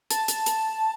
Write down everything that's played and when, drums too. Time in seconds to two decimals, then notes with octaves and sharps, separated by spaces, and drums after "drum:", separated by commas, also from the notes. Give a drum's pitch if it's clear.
0.11 A5, drum: hi-hat
0.28 drum: hi-hat
0.46 drum: hi-hat